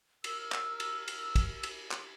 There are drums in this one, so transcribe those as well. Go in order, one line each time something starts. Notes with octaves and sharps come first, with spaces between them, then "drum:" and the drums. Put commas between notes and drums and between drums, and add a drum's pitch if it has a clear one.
A#4 E6, drum: cymbal
drum: clap
drum: cymbal
drum: cymbal
drum: kick, cymbal
drum: cymbal
drum: clap